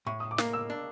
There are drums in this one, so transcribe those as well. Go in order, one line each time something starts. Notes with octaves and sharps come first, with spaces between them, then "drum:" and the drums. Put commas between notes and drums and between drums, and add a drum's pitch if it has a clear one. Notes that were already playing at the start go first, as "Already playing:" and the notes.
A2 C#6
D#6
D6
A#3, drum: snare
E6
D4